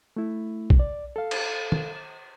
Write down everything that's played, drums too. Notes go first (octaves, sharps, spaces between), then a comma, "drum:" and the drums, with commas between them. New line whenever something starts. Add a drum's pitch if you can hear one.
A3 E4
drum: kick A#1
D5
A4 F5
drum: cymbal
drum: tom D#3